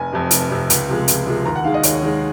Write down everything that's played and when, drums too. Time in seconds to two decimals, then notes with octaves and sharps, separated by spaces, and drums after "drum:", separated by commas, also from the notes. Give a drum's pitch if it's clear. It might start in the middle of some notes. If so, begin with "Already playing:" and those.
Already playing: F1 G#5
0.13 F2 C3
0.31 F1, drum: hi-hat
0.50 F2 C3
0.70 C#2, drum: hi-hat
0.89 C3 F3 G#3
1.08 C#2, drum: hi-hat
1.26 C3 F3 G#3
1.45 D#2 A#5
1.55 F#5
1.64 D#3 G#3 F5
1.74 D#5
1.83 D#2 C#5, drum: hi-hat
2.02 D#3 G#3